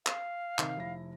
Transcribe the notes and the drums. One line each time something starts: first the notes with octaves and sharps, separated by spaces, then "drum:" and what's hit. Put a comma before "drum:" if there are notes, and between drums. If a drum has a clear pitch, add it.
F5, drum: clap
C3 D#3 D#4, drum: clap
F1 E4 A#6